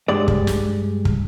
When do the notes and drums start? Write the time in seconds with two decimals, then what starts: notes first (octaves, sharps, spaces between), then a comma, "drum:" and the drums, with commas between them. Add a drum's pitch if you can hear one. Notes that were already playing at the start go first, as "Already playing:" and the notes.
0.08 G2 G#3 D5
0.28 drum: kick
0.47 drum: snare
1.05 drum: kick